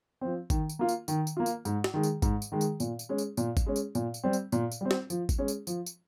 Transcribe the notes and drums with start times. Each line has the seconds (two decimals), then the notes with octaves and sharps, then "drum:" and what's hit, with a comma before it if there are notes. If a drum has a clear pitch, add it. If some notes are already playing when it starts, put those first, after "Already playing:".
0.21 F3 C4
0.50 D#3, drum: kick G#1, tambourine
0.69 drum: tambourine
0.79 A#3 F4
0.89 drum: tambourine
1.08 D#3, drum: tambourine
1.27 drum: tambourine
1.37 A#3 F4
1.46 drum: tambourine
1.65 G#2, drum: tambourine
1.84 drum: snare
1.94 D#3 G#3
2.03 drum: tambourine
2.22 G#2, drum: kick G#1, tambourine
2.42 drum: tambourine
2.52 D#3 G#3
2.61 drum: tambourine
2.80 A#2, drum: tambourine
2.99 drum: tambourine
3.09 G#3 C#4
3.18 drum: tambourine
3.37 A#2, drum: tambourine
3.57 drum: kick G#1, tambourine
3.66 G#3 C#4
3.76 drum: tambourine
3.95 A#2, drum: tambourine
4.14 drum: tambourine
4.23 G3 C4
4.33 drum: tambourine
4.52 A#2, drum: tambourine
4.72 drum: tambourine
4.81 G3 C4
4.91 drum: snare
5.10 F3, drum: tambourine
5.29 drum: kick G#1, tambourine
5.38 G#3 C#4
5.48 drum: tambourine
5.67 F3, drum: tambourine
5.86 drum: tambourine